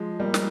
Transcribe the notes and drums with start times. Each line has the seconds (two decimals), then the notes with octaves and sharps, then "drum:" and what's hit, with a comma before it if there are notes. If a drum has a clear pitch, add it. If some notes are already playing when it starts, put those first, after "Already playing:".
Already playing: F3 G#3
0.20 G3 A#3
0.34 drum: snare